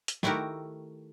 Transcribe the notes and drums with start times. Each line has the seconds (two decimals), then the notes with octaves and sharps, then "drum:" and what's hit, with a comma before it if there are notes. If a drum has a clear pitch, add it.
0.08 drum: hi-hat
0.23 D#3 A3 E4 F#4 G4 A#4, drum: snare